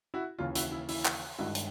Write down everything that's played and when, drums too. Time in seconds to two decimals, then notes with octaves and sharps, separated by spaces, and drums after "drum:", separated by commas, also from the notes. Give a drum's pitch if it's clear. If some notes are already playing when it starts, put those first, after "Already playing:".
0.14 E4 F#4
0.39 D#2 C#3 E3 F4
0.55 E4 F#4, drum: hi-hat
0.72 E4
0.89 E4, drum: open hi-hat
1.05 drum: clap
1.38 G2 D#3 G#3 E4 F#4
1.55 drum: hi-hat